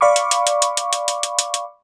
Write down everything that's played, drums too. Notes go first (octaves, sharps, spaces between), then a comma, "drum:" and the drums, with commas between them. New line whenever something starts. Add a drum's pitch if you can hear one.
D5 F5 B5 C#6 D6
drum: hi-hat
drum: hi-hat
drum: hi-hat
drum: hi-hat
drum: hi-hat
drum: hi-hat
drum: hi-hat
drum: hi-hat
drum: hi-hat
drum: hi-hat